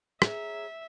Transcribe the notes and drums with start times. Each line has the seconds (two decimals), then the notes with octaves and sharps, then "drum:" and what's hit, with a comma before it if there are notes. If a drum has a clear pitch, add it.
0.22 G#4 C#5 E5 A#5, drum: rim click